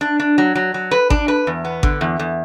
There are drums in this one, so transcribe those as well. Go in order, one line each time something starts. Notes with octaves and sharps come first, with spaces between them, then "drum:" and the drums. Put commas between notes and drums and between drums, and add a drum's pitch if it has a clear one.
D4
D4
F#3
F#3
F#3
B4
D4, drum: kick G#1
B4
E2
B3
D3, drum: kick G#1
E2
E2